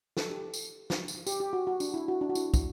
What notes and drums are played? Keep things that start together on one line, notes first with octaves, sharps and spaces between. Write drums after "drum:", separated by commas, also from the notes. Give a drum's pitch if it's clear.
A4, drum: snare
G4
A4
drum: tambourine
drum: snare
drum: tambourine
G4, drum: tambourine
G4
F#4
F#4
D4, drum: tambourine
E4
F#4
D4
F#4
E4, drum: tambourine
drum: kick, tambourine